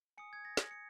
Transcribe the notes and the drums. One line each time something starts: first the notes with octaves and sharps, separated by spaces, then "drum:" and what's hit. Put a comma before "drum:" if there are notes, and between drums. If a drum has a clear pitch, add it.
G#5 D#6 C#7
G#6
A#6
drum: snare
C#7